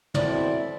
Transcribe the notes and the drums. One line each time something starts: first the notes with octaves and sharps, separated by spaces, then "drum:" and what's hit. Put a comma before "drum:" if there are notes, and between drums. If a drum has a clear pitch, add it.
B2 F#3 A3 C4 E4 D5, drum: tom